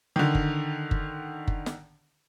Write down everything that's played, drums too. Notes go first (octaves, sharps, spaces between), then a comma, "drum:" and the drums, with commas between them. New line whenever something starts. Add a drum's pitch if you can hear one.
D3 D#3
drum: kick F#1
drum: kick F#1
drum: kick F#1
drum: snare